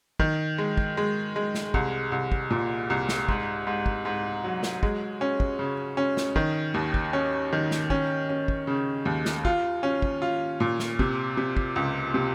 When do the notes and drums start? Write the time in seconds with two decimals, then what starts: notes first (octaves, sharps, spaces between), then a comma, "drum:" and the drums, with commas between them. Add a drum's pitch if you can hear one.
0.19 D#3, drum: kick
0.58 G#3
0.77 drum: kick
0.97 G#3
1.36 G#3
1.55 drum: snare
1.74 C2, drum: kick
2.12 C2
2.32 drum: kick
2.50 A#2
2.90 C2
3.09 drum: snare
3.29 G#2, drum: kick
3.67 G#2
3.86 drum: kick
4.05 G#2
4.44 F#3
4.63 drum: snare
4.83 G#3, drum: kick
5.21 C#4
5.40 drum: kick
5.59 C#3
5.97 C#4
6.17 drum: snare
6.36 D#3, drum: kick
6.74 D#2
6.94 drum: kick
7.13 C#4
7.53 D#3
7.71 drum: snare
7.90 C#4, drum: kick
8.29 C#4
8.48 drum: kick
8.67 C#3
9.05 D#2
9.25 drum: snare
9.45 F4, drum: kick
9.83 C#4
10.02 drum: kick
10.22 F4
10.60 A#2
10.79 drum: snare
10.99 C3, drum: kick
11.37 C3
11.57 drum: kick
11.76 C#2
12.14 C3